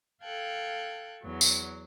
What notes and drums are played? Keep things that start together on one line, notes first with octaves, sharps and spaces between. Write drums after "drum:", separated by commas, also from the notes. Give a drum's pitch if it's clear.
A4 F5 G5 F#6 G#6
E2 F#3
drum: tambourine